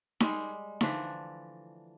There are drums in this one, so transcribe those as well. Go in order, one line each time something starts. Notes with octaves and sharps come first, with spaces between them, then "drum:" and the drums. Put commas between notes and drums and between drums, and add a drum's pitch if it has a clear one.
G3 G#3 G4, drum: snare D#4
D3 E3 F3 A3 D4, drum: snare D#4